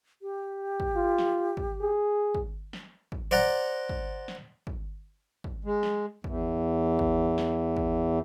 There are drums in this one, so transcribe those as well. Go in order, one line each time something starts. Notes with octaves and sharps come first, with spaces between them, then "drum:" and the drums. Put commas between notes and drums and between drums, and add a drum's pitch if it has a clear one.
G4
drum: kick
F4
drum: snare
drum: kick
G#4
drum: kick
drum: snare
drum: kick
C5 D5 F#5 A#5
drum: kick
drum: snare
drum: kick
drum: kick
G#3
drum: snare
E2, drum: kick
drum: kick
drum: snare
drum: kick